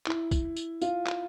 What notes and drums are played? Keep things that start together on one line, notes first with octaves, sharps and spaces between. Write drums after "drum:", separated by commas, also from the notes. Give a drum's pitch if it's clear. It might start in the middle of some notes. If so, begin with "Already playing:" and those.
E4, drum: clap
drum: kick, tambourine
drum: tambourine
F4, drum: tambourine
drum: clap